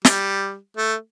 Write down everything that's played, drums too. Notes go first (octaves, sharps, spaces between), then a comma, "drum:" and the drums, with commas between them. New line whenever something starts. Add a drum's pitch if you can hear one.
G3, drum: snare
A3